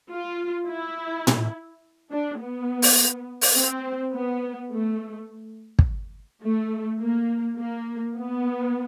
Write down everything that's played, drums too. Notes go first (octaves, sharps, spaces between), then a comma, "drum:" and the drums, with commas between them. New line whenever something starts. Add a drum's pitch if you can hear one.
F4
E4
drum: tom A2
D4
B3
drum: open hi-hat
drum: open hi-hat
C4
B3
A3
drum: kick
A3
A#3
A#3
B3